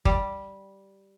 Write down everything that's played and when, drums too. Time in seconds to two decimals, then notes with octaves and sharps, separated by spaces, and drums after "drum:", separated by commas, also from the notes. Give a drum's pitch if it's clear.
0.05 G3, drum: kick